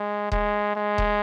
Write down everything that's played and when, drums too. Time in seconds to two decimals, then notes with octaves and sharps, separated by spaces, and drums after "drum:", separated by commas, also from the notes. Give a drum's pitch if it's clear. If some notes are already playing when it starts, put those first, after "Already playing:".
Already playing: G#3
0.32 G#3, drum: kick D#1
0.76 G#3
0.98 drum: kick D#1